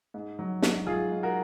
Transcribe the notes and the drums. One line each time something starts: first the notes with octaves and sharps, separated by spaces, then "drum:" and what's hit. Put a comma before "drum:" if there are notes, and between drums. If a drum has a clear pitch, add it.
G#2
F#3
G#2, drum: snare
F#3 F4 G#4
G#2
F#4 A#4